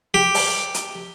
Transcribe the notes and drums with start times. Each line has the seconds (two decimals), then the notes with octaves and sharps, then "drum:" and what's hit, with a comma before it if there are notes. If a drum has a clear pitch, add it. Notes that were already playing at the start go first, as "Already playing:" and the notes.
0.14 G4
0.34 drum: open hi-hat
0.74 drum: hi-hat